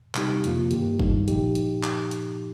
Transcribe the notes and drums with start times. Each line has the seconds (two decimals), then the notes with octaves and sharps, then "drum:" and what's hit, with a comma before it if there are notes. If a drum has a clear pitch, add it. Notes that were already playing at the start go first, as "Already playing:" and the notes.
0.15 C3 G3 D#4 G4, drum: clap
0.44 F2 C3 F3 A#3 F4, drum: hi-hat
0.71 G2 D#3 A#3 G4, drum: hi-hat
1.00 G2 D#3 G3 D#4, drum: kick F#1
1.28 A#2 F3 D#4 G4, drum: hi-hat
1.55 drum: hi-hat
1.83 drum: clap
2.11 drum: hi-hat